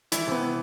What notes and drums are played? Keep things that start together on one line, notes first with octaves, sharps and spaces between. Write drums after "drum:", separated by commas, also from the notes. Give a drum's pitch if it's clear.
E3 E4, drum: hi-hat
C3 B3
E3